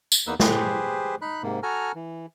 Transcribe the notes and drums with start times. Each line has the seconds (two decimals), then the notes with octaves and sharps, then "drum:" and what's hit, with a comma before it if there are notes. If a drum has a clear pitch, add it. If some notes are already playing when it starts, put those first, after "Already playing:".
0.12 drum: tambourine
0.27 E2 A#3 D#4 B4 E6
0.40 G4 G#4 B4 C5, drum: snare
1.22 D#4 B5 F#6
1.43 G#2 C3 A#3
1.63 F#4 A4 G#5 A#5 F6
1.95 E3